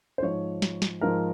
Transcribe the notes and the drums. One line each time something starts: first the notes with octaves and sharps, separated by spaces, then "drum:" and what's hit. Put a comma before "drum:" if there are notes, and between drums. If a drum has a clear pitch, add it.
C5
G#2 F3 C#5
drum: snare
drum: snare
G#2 F3 A#4